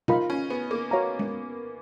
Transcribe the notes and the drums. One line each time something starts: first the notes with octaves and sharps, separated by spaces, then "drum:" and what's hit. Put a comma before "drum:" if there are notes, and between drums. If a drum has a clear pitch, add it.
D#4 F4 A#4 F5 B5, drum: tom B2
C#4
B3
A#3
F#4 C#5 F5 A#5
drum: tom G#3